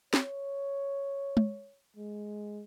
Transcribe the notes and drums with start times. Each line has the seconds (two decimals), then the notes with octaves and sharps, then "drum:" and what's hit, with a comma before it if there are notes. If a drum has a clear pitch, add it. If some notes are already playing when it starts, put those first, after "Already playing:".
0.14 C#5, drum: snare
1.37 drum: tom G#3
1.96 G#3